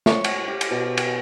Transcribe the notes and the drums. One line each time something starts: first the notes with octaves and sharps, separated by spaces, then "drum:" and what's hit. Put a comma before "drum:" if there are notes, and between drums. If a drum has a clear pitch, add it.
C#5, drum: snare
drum: cymbal
G4
drum: cymbal
B2
drum: cymbal